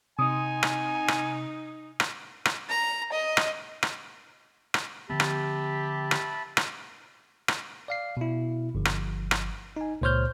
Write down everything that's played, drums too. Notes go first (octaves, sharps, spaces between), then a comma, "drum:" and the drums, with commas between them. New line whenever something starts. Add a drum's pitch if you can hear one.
C3 D#4 G#5 D#6
drum: rim click
drum: rim click
drum: rim click
drum: rim click
A#5
D#5
drum: rim click
drum: rim click
drum: rim click
D3 F3 B3 G4 E5 A5 B5
drum: rim click
drum: rim click
drum: rim click
drum: rim click
D5 F5 C7
B2 E4
G1 F3
drum: rim click
drum: rim click
D#4 G#5
C#2 A#2 C5 C#5 F6 G6